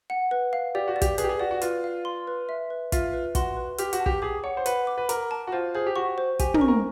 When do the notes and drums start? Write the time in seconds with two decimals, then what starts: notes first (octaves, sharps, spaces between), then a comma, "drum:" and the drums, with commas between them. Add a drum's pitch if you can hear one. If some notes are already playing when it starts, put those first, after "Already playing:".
0.10 F#5
0.31 B4
0.53 F5
0.75 G4 D5
0.88 F#4
0.96 D5
1.02 G4, drum: kick, hi-hat
1.18 G#4 B4, drum: hi-hat
1.24 G4
1.29 G#4
1.39 F#4 D5
1.51 F#4
1.62 F4 B4, drum: hi-hat
1.84 F5
2.05 C6
2.27 B4
2.49 E5
2.70 B4
2.92 F4 E5, drum: kick, hi-hat
3.13 B4
3.35 F#4 C6, drum: kick, hi-hat
3.57 B4
3.78 G4 F6, drum: hi-hat
3.93 F#4, drum: hi-hat
4.00 A5
4.06 G4, drum: kick
4.22 G#4 D6
4.44 C#5 F#5
4.57 C5
4.66 B4 F#5, drum: hi-hat
4.87 D6
4.98 B4
5.09 A#4 D6, drum: hi-hat
5.31 A5
5.47 F#4
5.52 F4 C5
5.75 G#4 C5
5.86 G4
5.96 F#4 C#6
6.18 C5
6.39 G4 G#5, drum: kick, hi-hat
6.54 A#4, drum: tom
6.61 C#6
6.68 A#4